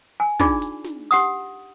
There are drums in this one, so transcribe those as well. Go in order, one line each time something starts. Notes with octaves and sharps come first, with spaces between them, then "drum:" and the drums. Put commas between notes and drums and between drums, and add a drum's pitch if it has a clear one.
G#5
D4 D#4 F4 G#4 D5, drum: kick, open hi-hat
drum: hi-hat
drum: snare
G4 F#5 D#6